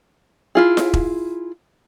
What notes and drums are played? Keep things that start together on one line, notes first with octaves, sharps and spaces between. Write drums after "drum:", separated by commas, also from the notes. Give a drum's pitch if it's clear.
E4 F4 G#4
drum: snare F4
drum: kick E1